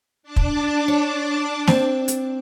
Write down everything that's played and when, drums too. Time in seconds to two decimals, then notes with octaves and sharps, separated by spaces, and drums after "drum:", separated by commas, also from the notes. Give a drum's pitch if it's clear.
0.23 D4 A5 D6
0.36 drum: kick
0.88 C#5
1.67 C4, drum: snare
2.08 drum: hi-hat